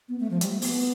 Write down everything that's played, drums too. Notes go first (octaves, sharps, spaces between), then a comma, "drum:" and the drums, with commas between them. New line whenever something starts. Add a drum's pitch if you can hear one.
B3
A3
F3
G3, drum: hi-hat
A3
B3, drum: open hi-hat